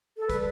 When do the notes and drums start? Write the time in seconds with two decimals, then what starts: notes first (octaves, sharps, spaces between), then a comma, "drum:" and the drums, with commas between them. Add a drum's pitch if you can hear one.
0.19 A4
0.30 C#3 G3 B4, drum: kick, hi-hat